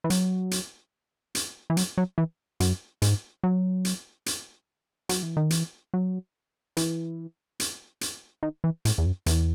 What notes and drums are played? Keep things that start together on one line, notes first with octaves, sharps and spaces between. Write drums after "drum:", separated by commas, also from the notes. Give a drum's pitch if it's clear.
E3
F#3, drum: hi-hat
drum: hi-hat
drum: hi-hat
E3
F#3, drum: hi-hat
F#3
E3
F#2, drum: hi-hat
G#2, drum: hi-hat
F#3
drum: hi-hat
drum: hi-hat
F#3, drum: hi-hat
E3
D#3
E3, drum: hi-hat
F#3
E3, drum: hi-hat
drum: hi-hat
drum: hi-hat
D#3
E3
A2, drum: hi-hat
E2
F#2
E2, drum: hi-hat